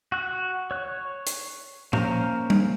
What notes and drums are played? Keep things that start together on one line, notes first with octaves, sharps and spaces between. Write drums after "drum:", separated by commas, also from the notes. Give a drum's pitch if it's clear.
F#4 F#6
C#5 F#6
drum: hi-hat
A#3 C#4 A#4 C5 A#5, drum: tom A#2
drum: tom G3